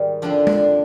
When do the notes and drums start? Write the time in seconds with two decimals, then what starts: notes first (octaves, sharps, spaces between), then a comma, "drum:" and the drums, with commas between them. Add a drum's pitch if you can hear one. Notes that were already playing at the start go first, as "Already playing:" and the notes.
Already playing: G#2 D#3 G3
0.22 F2 D3 F3 D4
0.47 D4, drum: tom G#3